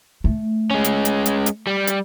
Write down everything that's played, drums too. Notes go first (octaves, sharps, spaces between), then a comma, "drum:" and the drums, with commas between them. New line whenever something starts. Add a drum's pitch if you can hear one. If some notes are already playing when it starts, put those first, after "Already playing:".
A3
G#3 C#4
drum: hi-hat
drum: hi-hat
drum: hi-hat
drum: hi-hat
G3
drum: hi-hat